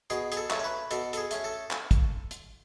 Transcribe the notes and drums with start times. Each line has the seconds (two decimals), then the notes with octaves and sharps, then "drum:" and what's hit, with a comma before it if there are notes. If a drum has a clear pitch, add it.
0.10 B2 G#4, drum: hi-hat
0.32 G#4, drum: hi-hat
0.37 A4
0.50 A3 C#4, drum: clap
0.59 C#5
0.64 B4
0.91 B2 A4, drum: hi-hat
1.13 A4, drum: hi-hat
1.17 G#4
1.31 A3 C#4, drum: hi-hat
1.44 A4
1.71 drum: clap
1.91 drum: kick, hi-hat
2.31 drum: hi-hat